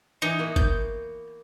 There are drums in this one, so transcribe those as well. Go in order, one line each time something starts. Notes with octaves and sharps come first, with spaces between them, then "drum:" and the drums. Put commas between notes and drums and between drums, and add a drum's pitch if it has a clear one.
E3 D#4
A#3 B3 F#4
G6, drum: kick G1